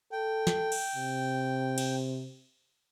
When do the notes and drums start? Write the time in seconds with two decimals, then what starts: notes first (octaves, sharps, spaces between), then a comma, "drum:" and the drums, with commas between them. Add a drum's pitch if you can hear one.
0.12 A4 G5
0.47 drum: snare
0.72 drum: cymbal
0.95 C3
1.78 drum: cymbal